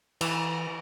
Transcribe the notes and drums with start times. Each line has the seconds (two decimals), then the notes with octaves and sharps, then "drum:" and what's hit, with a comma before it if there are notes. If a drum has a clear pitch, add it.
0.21 E3, drum: cymbal